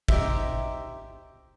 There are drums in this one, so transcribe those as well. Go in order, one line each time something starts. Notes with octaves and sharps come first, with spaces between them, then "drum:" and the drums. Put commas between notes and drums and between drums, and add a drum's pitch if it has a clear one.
D#4 G4 C5 E5, drum: kick